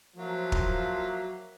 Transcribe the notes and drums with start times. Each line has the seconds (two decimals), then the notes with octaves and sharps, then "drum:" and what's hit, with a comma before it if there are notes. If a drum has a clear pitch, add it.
0.17 F3 F#3 A#3 E5
0.52 drum: kick